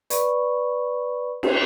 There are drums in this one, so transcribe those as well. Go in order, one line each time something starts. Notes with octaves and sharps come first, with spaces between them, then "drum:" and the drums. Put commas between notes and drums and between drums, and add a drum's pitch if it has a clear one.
B4 D5 B5 C#6, drum: hi-hat
drum: cymbal